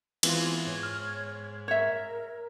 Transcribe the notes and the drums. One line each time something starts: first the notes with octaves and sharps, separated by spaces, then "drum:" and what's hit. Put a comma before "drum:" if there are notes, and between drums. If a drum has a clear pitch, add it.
E3 G#3 B3 C4 F4, drum: cymbal
G#2 C#5
F6
A#4 C#5 E5